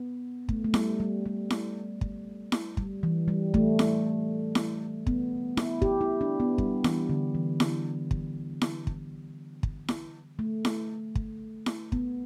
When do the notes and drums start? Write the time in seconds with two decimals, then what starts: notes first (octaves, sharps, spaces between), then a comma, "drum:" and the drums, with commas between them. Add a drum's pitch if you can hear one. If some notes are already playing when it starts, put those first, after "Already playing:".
Already playing: B3
0.49 A3, drum: kick
0.64 A3
0.74 G3, drum: snare E4
1.00 G3
1.26 G3
1.50 drum: snare E4
2.01 drum: kick
2.52 drum: snare E4
2.77 G3, drum: kick
3.03 E3
3.28 G3
3.54 A3, drum: kick
3.79 drum: snare E4
4.55 drum: snare E4
5.07 B3, drum: kick
5.57 E4, drum: snare E4
5.82 G4, drum: kick
6.01 E4
6.21 D4
6.40 B3
6.58 G3, drum: kick
6.84 E3, drum: snare E4
7.09 D3
7.35 E3
7.60 drum: snare E4
8.11 drum: kick
8.61 drum: snare E4
8.87 drum: kick
9.63 drum: kick
9.88 drum: snare E4
10.39 A3
10.65 drum: snare E4
11.15 drum: kick
11.66 drum: snare E4
11.92 B3, drum: kick